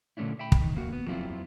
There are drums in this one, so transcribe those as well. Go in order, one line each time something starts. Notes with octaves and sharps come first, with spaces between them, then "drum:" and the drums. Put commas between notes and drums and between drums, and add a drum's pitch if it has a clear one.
A#2 D3 A3 C#4 D4 E4
E5 G5 B5
drum: kick
D#3
D2 A#3 F#4
B3
F2 F3 F#3 C4 E4 F4